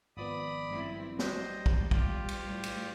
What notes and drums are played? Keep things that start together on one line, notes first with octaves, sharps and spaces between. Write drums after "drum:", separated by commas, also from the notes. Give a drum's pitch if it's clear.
G#1 F3 B3 D5 B5 D#6
G2 C4 E4
G3 C5 D#5, drum: snare
drum: kick
F4 G4, drum: kick
drum: cymbal
A2 G3
drum: cymbal